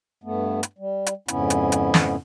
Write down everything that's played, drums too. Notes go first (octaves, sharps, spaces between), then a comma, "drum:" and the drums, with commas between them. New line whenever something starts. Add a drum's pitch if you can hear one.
G2 A3 B3
drum: hi-hat
G3
drum: hi-hat
F2 G#2 C#3 B3 C#4 E4, drum: hi-hat
drum: hi-hat
drum: hi-hat
drum: snare